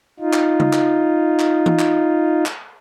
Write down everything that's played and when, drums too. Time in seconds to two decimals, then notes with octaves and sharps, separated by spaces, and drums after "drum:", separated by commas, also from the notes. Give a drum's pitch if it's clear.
0.20 D#4 F4
0.33 drum: clap
0.60 drum: tom C#3
0.73 drum: clap
1.39 drum: clap
1.66 drum: tom E3
1.79 drum: clap
2.46 drum: clap